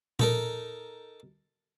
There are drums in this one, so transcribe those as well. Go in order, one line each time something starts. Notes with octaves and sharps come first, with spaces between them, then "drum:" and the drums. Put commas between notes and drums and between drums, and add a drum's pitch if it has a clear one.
D#4 A4 A#4, drum: tom A#2